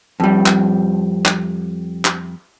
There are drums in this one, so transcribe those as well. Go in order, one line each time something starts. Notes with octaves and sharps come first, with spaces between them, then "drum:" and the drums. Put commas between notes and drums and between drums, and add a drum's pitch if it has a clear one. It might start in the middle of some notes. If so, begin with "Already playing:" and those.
F2 G3
drum: clap
drum: clap
drum: clap